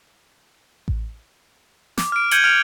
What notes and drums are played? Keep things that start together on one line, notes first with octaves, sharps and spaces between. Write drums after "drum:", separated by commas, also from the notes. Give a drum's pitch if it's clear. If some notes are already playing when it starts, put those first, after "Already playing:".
drum: kick A1
D6, drum: snare
F6 D7
G6 G#6 C#7 D#7 F#7 G7, drum: hi-hat
F6 G6 C#7 D7 F7 F#7